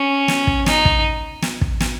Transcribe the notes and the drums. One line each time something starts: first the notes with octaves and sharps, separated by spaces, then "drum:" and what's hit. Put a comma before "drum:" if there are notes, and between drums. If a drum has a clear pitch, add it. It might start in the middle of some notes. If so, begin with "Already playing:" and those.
Already playing: C#4
drum: snare
drum: kick
D#4, drum: snare
drum: kick
drum: snare
drum: kick
drum: snare